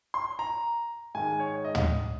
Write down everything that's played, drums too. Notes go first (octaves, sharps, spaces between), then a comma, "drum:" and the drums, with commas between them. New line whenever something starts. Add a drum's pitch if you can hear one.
C6
A#5
G#2 D#3 G#3 G#5
C#5
D#5
drum: tom